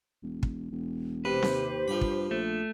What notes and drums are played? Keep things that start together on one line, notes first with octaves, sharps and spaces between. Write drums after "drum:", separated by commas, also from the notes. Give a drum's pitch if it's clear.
E1
drum: kick
E1
C3 G4 B4 C5
D#2, drum: snare C4
G2 F3 B5
drum: kick
A#1 A3